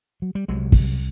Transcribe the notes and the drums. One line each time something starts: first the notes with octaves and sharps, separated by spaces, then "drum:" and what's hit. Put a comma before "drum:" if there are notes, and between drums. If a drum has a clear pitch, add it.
F#3
G3
C2 C3 F#3 G#3
drum: kick